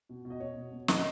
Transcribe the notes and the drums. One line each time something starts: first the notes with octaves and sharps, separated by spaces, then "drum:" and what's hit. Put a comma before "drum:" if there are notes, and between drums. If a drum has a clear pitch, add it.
B2
B2
D#5
B2 C#5
B2
B2
B2 D#5, drum: snare